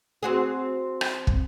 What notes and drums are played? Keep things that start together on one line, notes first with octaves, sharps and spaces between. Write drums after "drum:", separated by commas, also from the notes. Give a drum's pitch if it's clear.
C4 F#4 G#4
drum: rim click
drum: kick